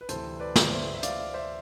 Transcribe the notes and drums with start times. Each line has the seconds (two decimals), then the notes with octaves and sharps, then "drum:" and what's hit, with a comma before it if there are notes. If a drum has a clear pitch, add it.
0.01 B4
0.09 D2 C3 E3 A4 C5, drum: hi-hat
0.40 B4 D5
0.56 drum: snare
0.71 C5 E5
0.95 E5
1.03 D5 F5, drum: hi-hat
1.34 C5 E5